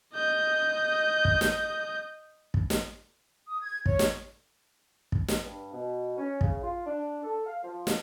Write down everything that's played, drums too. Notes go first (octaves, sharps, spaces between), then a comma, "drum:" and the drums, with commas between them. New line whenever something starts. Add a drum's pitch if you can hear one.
D#5 G6
drum: kick
drum: snare
drum: kick
drum: snare
D#6
G#6
C#5, drum: kick
drum: snare
drum: kick
drum: snare
G2
B2
C#4
C#3, drum: kick
F4
D4
A4
F5
F3
drum: snare